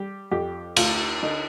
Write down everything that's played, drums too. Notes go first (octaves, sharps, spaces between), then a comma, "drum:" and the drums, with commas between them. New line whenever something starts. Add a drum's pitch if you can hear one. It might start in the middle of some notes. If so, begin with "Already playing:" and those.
Already playing: G3 G4
F2 G4
D2 F4, drum: cymbal
D3 D#4